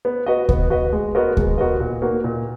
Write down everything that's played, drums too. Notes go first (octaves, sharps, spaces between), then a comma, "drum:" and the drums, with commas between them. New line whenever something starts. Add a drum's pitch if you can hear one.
B3
F#4 B4 D#5
B3, drum: kick D2
F#4 B4 D#5
G#3
B3 F#4 A#4 D#5
G#3, drum: kick D2
B3 F#4 A#4 D#5
A#2
A#3 D#4 F#4 B4
A#2